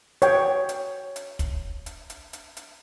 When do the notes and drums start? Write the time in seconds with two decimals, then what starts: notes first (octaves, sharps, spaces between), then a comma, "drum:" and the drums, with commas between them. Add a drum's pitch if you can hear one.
0.22 C#5 G5, drum: hi-hat
0.69 drum: hi-hat
1.16 drum: hi-hat
1.39 drum: kick, hi-hat
1.86 drum: hi-hat
2.10 drum: hi-hat
2.33 drum: hi-hat
2.57 drum: hi-hat